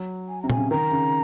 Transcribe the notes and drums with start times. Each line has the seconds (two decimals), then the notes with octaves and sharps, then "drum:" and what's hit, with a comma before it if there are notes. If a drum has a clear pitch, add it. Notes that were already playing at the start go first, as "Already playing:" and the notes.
Already playing: F#3
0.29 G#5
0.42 C3 A#5
0.50 G#5, drum: tom A#2
0.57 C#3
0.71 D#3 A#5
0.91 C#3